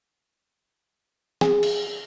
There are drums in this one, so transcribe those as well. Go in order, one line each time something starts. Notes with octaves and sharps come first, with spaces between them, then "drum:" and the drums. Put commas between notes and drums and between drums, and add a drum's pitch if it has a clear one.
G#4, drum: snare
drum: cymbal